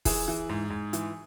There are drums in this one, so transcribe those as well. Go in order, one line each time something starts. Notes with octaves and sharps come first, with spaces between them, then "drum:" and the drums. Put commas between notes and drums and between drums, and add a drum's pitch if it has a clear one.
E3 G#4, drum: kick, open hi-hat
E3
G#2
G#2
E3, drum: hi-hat